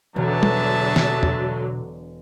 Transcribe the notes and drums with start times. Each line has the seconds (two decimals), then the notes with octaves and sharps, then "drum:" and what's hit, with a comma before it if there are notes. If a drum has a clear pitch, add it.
0.16 E1 B2 D3 F#3 G#4 E5 A5
0.43 drum: tom
0.96 drum: snare
1.23 drum: tom